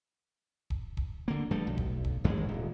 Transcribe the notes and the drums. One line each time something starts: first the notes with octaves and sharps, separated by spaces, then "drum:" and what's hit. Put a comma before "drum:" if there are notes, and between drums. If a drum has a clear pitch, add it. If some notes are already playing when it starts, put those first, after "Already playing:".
drum: kick
drum: kick
D3 A#3
G2 F3 A3
B1
drum: kick
drum: kick
A1 G2 D#3 G#3
D#1